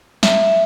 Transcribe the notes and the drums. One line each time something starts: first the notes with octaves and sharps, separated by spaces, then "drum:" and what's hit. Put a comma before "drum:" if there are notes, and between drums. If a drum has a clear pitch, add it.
E5, drum: snare